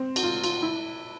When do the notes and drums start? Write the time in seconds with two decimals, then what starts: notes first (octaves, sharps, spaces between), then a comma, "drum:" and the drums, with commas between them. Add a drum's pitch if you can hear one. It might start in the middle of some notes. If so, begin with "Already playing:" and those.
Already playing: C4
0.16 F#4, drum: cymbal
0.23 F4
0.44 F4, drum: cymbal
0.62 E4